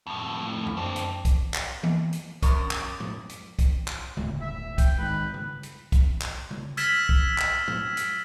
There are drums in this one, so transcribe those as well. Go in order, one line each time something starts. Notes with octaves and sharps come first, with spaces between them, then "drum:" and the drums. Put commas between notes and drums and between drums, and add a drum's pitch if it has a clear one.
F2 A2
drum: tom F#2
C4 D4
drum: hi-hat
drum: kick, hi-hat
drum: clap
drum: tom E3
drum: hi-hat
F#2 A#4 D5 A#5 C#6 D#6, drum: kick, hi-hat
drum: clap
drum: tom
drum: hi-hat
drum: kick, hi-hat
drum: clap
D1 G1, drum: tom C#3
E5
G5, drum: kick, hi-hat
G#2 D#3 B4
drum: tom C#3
drum: hi-hat
drum: kick, hi-hat
drum: clap
drum: tom C#3
E6 F6 G#6 A6 B6 E7, drum: hi-hat
drum: kick
drum: clap
drum: tom
drum: hi-hat